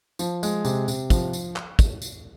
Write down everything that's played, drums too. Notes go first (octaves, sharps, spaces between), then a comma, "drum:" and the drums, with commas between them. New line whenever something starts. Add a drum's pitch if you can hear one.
F3, drum: tambourine
G#3, drum: tambourine
C3, drum: tambourine
C3, drum: tambourine
F3, drum: kick, tambourine
drum: tambourine
drum: clap
drum: kick, tambourine
drum: tambourine